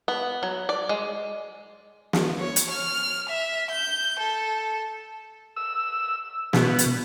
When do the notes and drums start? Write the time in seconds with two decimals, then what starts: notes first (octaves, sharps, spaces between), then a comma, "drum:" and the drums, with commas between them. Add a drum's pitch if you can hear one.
0.08 B3
0.43 F#3
0.69 D5
0.89 G#3
2.13 drum: snare
2.40 C#5
2.56 drum: hi-hat
2.70 F6
3.30 E5
3.71 G6
4.19 A4
5.56 E6
6.53 B2, drum: snare
6.79 drum: hi-hat